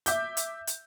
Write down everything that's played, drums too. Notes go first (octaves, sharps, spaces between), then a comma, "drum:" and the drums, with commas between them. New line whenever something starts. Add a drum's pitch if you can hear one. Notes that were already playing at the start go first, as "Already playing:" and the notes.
E5 D6 G6, drum: hi-hat
drum: hi-hat
drum: hi-hat